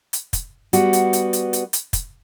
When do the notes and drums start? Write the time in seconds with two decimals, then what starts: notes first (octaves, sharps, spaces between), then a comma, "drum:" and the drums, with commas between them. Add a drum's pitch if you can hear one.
0.13 drum: hi-hat
0.33 drum: kick, hi-hat
0.73 G3 B3 F#4, drum: hi-hat
0.93 drum: hi-hat
1.13 drum: hi-hat
1.33 drum: hi-hat
1.53 drum: hi-hat
1.73 drum: hi-hat
1.93 drum: kick, hi-hat